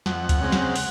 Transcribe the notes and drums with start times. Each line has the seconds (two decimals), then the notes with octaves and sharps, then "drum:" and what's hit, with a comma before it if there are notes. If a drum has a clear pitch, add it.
0.06 F2 F#5, drum: snare
0.29 drum: kick D2, hi-hat
0.41 C#3 G#3 C4
0.52 drum: snare
0.75 drum: open hi-hat